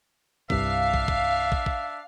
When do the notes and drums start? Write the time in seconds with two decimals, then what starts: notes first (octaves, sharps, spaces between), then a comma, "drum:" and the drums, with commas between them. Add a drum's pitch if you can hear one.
0.50 C2 G2 D4 E5 F5, drum: kick
0.94 drum: kick
1.08 drum: kick
1.52 drum: kick
1.66 drum: kick